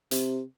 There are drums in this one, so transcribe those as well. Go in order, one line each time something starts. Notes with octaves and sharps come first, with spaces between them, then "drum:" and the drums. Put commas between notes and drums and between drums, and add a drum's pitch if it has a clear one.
C3, drum: hi-hat